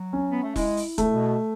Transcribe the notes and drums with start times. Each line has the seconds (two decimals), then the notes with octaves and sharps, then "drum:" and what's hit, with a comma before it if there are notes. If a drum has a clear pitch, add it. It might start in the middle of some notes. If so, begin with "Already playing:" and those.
Already playing: F#3
0.13 C#4
0.31 B3
0.43 A3
0.56 G#3 E4, drum: kick E1, open hi-hat
0.77 drum: open hi-hat
0.98 A3, drum: kick E1, hi-hat
1.12 B2